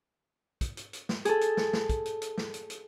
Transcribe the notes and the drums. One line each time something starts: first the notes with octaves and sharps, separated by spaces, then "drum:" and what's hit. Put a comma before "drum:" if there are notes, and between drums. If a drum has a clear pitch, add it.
drum: kick, hi-hat
drum: hi-hat
drum: hi-hat
drum: snare
G#4 A4, drum: hi-hat
drum: hi-hat
drum: snare
drum: snare
drum: kick, hi-hat
drum: hi-hat
drum: hi-hat
drum: snare
drum: hi-hat
drum: hi-hat